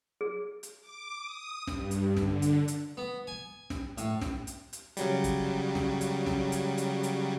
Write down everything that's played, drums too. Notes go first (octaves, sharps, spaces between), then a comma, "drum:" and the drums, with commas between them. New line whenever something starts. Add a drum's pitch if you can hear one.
G#4
drum: hi-hat
D6
D#6
G2, drum: snare
drum: hi-hat
D3, drum: snare
drum: hi-hat
drum: hi-hat
B3
G#5
drum: snare
A2, drum: hi-hat
drum: snare
drum: hi-hat
drum: hi-hat
C#3 F#3 G3, drum: hi-hat
drum: kick, hi-hat
drum: snare
drum: hi-hat
drum: snare
drum: hi-hat
drum: hi-hat
drum: hi-hat